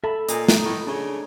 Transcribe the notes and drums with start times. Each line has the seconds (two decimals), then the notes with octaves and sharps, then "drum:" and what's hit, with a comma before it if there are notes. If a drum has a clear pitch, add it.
0.04 A4 E5 A5 B5
0.29 A#2 D#5 G#5, drum: hi-hat
0.48 D#4, drum: snare
0.65 A2
0.87 C#3 D4 D#4 C#5